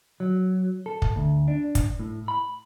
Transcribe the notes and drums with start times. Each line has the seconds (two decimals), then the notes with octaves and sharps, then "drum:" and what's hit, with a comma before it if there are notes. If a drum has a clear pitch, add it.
0.20 F#3
0.86 A4
1.02 drum: kick
1.16 D2
1.48 D4
1.75 drum: kick, hi-hat
1.99 A2
2.28 B5